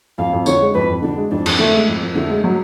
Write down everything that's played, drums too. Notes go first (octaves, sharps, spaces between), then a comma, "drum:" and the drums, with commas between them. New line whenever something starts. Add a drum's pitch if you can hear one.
F2 F5
F2
D3 C#5, drum: tambourine
G#3
F2 B4
F2
D3 D4
G#3
F2 D4
F2, drum: cymbal
D3 A3
G#3
F2
F2
D3 A3
G#3
F#3